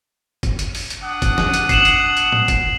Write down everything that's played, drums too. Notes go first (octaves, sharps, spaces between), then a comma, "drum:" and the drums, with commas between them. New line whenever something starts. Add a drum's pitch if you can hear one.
drum: kick, hi-hat
drum: hi-hat
drum: open hi-hat
drum: hi-hat
D4 F#5 D#6
drum: kick, hi-hat
drum: snare
drum: hi-hat
C7 E7 F#7, drum: kick, hi-hat
drum: hi-hat
drum: hi-hat
drum: tom A2
drum: kick, hi-hat